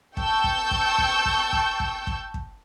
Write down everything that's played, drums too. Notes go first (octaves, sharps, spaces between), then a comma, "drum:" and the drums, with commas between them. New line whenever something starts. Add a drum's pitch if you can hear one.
G5 A5 C#6 E6 G6, drum: kick
drum: kick
drum: kick
drum: kick
drum: kick
drum: kick
drum: kick
drum: kick
drum: kick